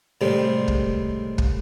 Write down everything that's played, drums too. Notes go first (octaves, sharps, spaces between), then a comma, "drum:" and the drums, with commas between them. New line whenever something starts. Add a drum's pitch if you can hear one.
A2 C3 D#3 G3 G#3
drum: kick
drum: kick